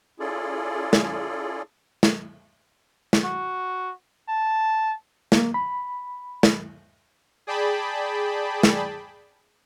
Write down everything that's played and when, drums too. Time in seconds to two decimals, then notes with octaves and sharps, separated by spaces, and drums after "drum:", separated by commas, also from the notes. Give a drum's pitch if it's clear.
0.19 C#4 E4 F4 G#4 A4 D5
0.93 drum: snare
2.03 drum: snare
3.13 drum: snare
3.24 F#4
4.29 A5
5.32 A#3, drum: snare
5.54 B5
6.43 drum: snare
7.47 G#4 D5 G5 A5 B5
8.63 drum: snare